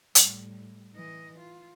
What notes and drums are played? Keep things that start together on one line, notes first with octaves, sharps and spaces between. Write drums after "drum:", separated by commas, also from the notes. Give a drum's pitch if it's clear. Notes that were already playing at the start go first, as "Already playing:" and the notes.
A2 G3, drum: hi-hat
E3 D#5
F4